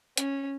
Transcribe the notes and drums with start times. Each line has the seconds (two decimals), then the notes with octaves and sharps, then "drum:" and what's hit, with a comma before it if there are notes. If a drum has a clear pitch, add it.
0.17 C#4, drum: hi-hat